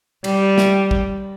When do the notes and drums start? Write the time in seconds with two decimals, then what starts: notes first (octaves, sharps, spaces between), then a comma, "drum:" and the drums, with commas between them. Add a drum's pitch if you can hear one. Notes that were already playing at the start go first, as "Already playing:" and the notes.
0.24 G3, drum: cymbal
0.58 drum: snare
0.91 drum: kick